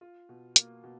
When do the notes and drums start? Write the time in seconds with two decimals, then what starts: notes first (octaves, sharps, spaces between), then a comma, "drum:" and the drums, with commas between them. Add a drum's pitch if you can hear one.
0.01 F4
0.29 B2
0.56 A#3, drum: hi-hat
0.84 B2